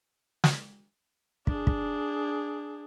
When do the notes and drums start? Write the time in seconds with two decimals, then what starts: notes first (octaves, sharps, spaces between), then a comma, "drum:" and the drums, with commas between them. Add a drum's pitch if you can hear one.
0.44 drum: snare
1.47 D4 G#4, drum: kick
1.67 drum: kick